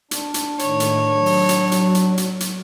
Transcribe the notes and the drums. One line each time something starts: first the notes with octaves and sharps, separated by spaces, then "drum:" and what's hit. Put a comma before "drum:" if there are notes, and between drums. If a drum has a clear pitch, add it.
D4, drum: hi-hat
drum: hi-hat
A2 D#3 C#5, drum: hi-hat
drum: hi-hat
F#3
drum: open hi-hat
drum: hi-hat
drum: hi-hat
drum: hi-hat
drum: hi-hat
drum: hi-hat